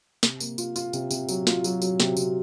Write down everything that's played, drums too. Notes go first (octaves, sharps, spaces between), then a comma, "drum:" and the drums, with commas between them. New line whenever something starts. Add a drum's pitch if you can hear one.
C3, drum: snare
A#3, drum: tambourine
F4, drum: tambourine
F4, drum: tambourine
C3, drum: tambourine
C3, drum: tambourine
F#3, drum: tambourine
F4, drum: snare
F#3, drum: tambourine
F#3, drum: tambourine
C3, drum: snare
C3, drum: tambourine